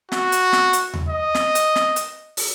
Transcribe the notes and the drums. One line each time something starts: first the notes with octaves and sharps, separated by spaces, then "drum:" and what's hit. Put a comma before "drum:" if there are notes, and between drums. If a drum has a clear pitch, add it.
F#4, drum: snare
drum: hi-hat
drum: snare
drum: hi-hat
drum: tom D#2
D#5
drum: snare
drum: hi-hat
drum: snare
drum: hi-hat
drum: open hi-hat